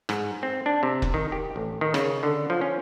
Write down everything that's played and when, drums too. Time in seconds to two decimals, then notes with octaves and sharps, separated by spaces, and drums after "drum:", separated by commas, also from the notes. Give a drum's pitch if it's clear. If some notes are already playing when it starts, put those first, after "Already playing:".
0.09 G#2, drum: rim click
0.43 C4
0.66 D4
0.83 C3
1.02 drum: kick
1.14 D#3
1.32 G4
1.56 A1
1.81 D#3
1.94 C#3, drum: rim click
2.23 D3
2.50 F3
2.61 C#4